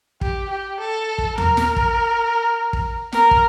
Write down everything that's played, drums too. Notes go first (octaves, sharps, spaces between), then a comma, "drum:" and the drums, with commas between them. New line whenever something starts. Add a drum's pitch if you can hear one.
G4, drum: kick
G4
A4
drum: kick
A#4, drum: tom D#2
drum: snare
drum: kick
drum: kick
A#4, drum: snare
drum: kick